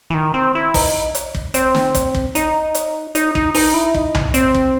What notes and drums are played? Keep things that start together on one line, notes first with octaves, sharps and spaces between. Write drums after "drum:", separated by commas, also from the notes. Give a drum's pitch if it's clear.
E3
D#3
C4
E4
D#4, drum: kick, open hi-hat
drum: hi-hat
drum: kick
C4, drum: hi-hat
drum: snare
drum: kick, hi-hat
drum: kick
D#4, drum: hi-hat
drum: hi-hat
D#4, drum: hi-hat
D#4, drum: kick
D#4, drum: open hi-hat
E4
D#4, drum: kick
drum: tom B1
C4, drum: hi-hat
drum: kick